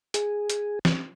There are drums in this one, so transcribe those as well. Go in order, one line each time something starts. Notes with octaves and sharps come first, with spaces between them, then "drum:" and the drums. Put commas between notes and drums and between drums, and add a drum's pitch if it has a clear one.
G#4, drum: hi-hat
drum: hi-hat
drum: snare